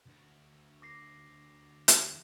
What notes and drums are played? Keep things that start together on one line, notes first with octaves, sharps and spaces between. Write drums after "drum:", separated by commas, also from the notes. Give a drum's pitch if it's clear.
D2 D3
D6 A#6 C7
drum: hi-hat